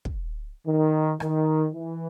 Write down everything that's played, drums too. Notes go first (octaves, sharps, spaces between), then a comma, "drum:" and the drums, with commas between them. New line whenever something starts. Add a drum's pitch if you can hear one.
drum: kick
D#3
D#3, drum: rim click
E3